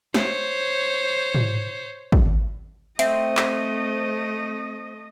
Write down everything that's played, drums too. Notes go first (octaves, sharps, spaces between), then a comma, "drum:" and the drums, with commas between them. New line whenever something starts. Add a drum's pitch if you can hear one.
C5 C#5, drum: snare
drum: tom
drum: kick
A3 C4 D#5 E5, drum: hi-hat
drum: clap